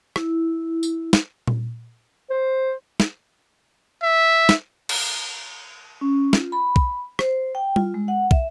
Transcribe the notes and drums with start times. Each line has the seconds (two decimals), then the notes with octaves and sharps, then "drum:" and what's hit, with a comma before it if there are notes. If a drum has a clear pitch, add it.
0.16 E4, drum: rim click
0.83 drum: tambourine
1.13 drum: snare
1.47 drum: tom A#2
2.30 C5
3.00 drum: snare
4.03 E5
4.49 drum: snare
4.89 drum: cymbal
6.01 C#4
6.33 F4, drum: snare
6.52 B5
6.76 drum: kick
7.19 C5, drum: rim click
7.55 G5
7.76 F4, drum: tom G3
7.94 G#3
8.08 F#5
8.31 E5, drum: kick